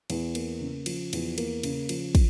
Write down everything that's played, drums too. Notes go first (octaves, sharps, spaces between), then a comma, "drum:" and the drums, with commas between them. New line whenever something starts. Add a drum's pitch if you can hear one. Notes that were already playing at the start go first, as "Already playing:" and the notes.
E2, drum: cymbal
A#3, drum: cymbal
C#3
F3, drum: cymbal
E2, drum: cymbal
A#3, drum: cymbal
C#3, drum: cymbal
F3, drum: cymbal
drum: kick, cymbal